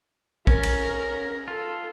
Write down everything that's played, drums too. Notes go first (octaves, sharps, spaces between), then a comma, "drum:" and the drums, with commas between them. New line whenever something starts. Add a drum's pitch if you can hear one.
C#4 A#4, drum: kick
drum: cymbal
F4 A4